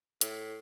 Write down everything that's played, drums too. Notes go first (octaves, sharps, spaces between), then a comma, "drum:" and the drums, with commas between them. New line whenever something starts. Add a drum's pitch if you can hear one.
A2, drum: hi-hat